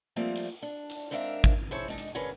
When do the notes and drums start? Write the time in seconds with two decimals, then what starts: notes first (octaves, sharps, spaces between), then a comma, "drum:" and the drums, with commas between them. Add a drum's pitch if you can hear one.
0.16 F3 G3 A3 A#3 C4
0.36 drum: hi-hat
0.62 D4
0.90 drum: hi-hat
1.11 G#2 C4 D4 A#4 E5 F5
1.44 drum: kick, hi-hat
1.71 E4 G#4 A4 C5 C#5
1.88 G#3 D4 D#4
1.98 drum: hi-hat
2.15 D3 C#4 G#4 A#4 B4